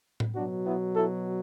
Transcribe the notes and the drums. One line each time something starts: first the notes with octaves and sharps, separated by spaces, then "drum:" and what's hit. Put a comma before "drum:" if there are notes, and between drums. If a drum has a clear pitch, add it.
drum: tom A2
B2 F#3 D4 F#4
B3 E4
E4 A4